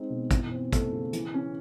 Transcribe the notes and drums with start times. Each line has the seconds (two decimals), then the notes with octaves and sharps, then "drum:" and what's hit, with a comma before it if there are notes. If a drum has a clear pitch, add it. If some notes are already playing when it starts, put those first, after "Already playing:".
Already playing: G#3 C4 D#4
0.10 B2
0.31 E3, drum: kick, hi-hat
0.52 C4
0.72 A3, drum: kick, hi-hat
0.93 C#3
1.13 E3, drum: hi-hat
1.34 C#4